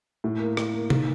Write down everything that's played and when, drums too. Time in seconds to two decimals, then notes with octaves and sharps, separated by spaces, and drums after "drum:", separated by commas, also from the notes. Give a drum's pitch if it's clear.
0.24 A2
0.40 A#3
0.57 A#3, drum: rim click
0.74 A#3
0.90 D#4, drum: tom C3